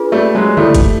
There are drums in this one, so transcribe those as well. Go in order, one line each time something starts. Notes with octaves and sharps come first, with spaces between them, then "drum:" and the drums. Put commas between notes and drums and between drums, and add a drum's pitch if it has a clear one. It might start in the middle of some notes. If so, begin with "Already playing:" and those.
Already playing: D4 F4 G#4 B4
G3 A3
F#3 G#3
G3 A3 E4 A4 D5, drum: tom C#3
drum: kick, hi-hat